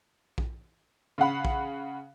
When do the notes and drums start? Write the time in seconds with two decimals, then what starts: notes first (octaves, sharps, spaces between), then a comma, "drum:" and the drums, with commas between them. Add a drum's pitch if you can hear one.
0.38 drum: kick A#1
1.18 C#3 F5 F#5 B5
1.45 drum: kick A#1